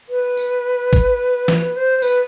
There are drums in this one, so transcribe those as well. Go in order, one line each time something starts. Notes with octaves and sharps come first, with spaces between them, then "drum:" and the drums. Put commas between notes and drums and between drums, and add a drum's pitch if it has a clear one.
B4
drum: tambourine
drum: kick G#1, tambourine
drum: snare
C5
C5
B4, drum: tambourine